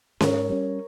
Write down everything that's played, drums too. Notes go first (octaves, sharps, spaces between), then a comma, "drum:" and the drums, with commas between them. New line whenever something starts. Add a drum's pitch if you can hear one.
G#2 A#4 C#5, drum: snare C#4
G3 C#4